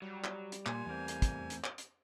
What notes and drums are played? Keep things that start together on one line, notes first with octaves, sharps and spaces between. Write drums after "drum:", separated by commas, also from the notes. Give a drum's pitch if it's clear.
F#3 G3
drum: clap
drum: hi-hat
A#2 A#4 G#5 C6, drum: clap
E2 A3 C4 A#4
drum: hi-hat
drum: kick, hi-hat
drum: hi-hat
drum: clap
drum: hi-hat